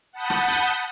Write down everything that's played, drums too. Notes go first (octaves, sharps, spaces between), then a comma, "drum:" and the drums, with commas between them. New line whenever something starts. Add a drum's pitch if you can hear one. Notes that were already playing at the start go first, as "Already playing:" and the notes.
F#5 A5 B5 D#6 G6
drum: rim click
drum: hi-hat